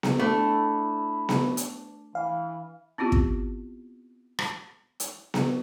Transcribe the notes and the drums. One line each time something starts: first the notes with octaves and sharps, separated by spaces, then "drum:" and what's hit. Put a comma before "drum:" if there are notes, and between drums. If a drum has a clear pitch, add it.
drum: snare B3
A3 D4 E4
drum: snare B3
drum: hi-hat
E3 F5
B3 C4 E4 F4 G4
drum: kick
drum: rim click
drum: hi-hat
drum: snare B3